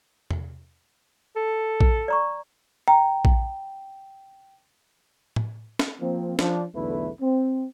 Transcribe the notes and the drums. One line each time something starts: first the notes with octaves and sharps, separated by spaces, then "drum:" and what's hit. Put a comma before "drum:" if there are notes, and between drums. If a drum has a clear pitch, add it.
drum: tom E2
A4
drum: kick A#1
D5 A#5 C#6
G5 A#5
drum: kick A#1
drum: tom A2
drum: snare
F3 A#3 C4
F3 D4, drum: snare
B1 E2 D3 A3 E4 B4
C4